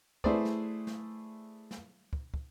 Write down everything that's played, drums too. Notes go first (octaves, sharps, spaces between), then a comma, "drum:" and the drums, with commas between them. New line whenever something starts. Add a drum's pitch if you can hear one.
A3 E4 G#4 B4 C5 D5, drum: kick
drum: snare
drum: snare
drum: snare
drum: kick
drum: kick